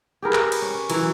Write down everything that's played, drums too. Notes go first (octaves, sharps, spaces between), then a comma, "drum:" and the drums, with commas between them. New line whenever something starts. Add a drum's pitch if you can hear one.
G4 G#4 A#4 B4
drum: clap
drum: cymbal
C#4
E3 F#3, drum: cymbal